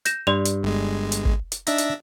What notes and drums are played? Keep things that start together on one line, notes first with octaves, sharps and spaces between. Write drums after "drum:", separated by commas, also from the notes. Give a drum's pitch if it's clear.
G6 A#6 E7, drum: hi-hat
G2 D5 C6 F7
drum: hi-hat
G1 G#3
drum: hi-hat
drum: kick
drum: hi-hat
D4 D#4 E5 A#6, drum: hi-hat
drum: hi-hat